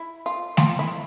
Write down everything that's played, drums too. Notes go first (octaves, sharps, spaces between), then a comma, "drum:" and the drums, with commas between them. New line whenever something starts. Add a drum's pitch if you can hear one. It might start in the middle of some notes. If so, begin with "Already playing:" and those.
Already playing: E4
F4
F4, drum: snare A3
E4